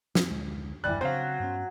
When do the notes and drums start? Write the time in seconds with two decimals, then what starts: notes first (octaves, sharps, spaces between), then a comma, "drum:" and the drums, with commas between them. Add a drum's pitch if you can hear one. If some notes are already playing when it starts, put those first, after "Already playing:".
0.15 C4, drum: snare
0.31 D2 G#3
0.84 F#1 E2 G2 E3 G3 F#6
1.01 C#3 F#3 C4 D4 C5 F5
1.40 G2 B3 C#4